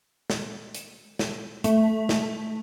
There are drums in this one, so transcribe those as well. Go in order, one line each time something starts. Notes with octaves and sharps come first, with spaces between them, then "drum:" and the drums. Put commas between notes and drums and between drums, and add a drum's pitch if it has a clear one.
drum: snare
drum: hi-hat
drum: snare
A3, drum: hi-hat
drum: snare